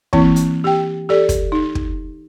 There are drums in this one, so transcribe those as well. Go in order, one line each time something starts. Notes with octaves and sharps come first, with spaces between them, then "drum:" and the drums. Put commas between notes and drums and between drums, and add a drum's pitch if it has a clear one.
E3 A#3 C4 E4, drum: kick
drum: hi-hat
G4 G5
G4 A4 D5
drum: kick, hi-hat
D#4
drum: kick